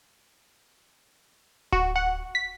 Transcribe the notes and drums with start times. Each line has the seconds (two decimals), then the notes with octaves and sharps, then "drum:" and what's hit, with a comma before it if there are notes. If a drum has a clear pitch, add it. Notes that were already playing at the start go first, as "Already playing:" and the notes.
1.72 F#4, drum: kick D1
1.96 F#5
2.35 B6